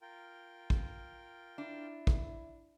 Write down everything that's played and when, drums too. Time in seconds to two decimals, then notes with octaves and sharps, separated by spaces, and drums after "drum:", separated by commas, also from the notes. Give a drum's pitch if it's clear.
0.02 F4 A#4 G5
0.70 drum: kick
1.58 D4 E4
2.07 drum: kick